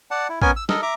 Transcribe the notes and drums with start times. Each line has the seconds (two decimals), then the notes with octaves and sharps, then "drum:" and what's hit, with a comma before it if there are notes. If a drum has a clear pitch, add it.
0.11 D5 F#5 A5
0.29 E4
0.42 B3 C#4 A#4 G#5, drum: kick
0.56 E6
0.69 A4 A#4 D#5, drum: snare
0.82 E5 A#5 D6